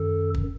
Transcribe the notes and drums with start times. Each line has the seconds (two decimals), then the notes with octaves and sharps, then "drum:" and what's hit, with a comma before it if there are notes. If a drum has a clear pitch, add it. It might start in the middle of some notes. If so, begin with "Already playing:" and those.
Already playing: F#2 D#3 A4
0.34 drum: kick